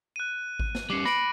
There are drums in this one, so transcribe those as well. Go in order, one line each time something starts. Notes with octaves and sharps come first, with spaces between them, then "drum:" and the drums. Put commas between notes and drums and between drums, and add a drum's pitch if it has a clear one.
F#6 D#7
drum: kick G#1
drum: snare
G3 C#4 D6 C7 C#7
B5 A#6 D7, drum: snare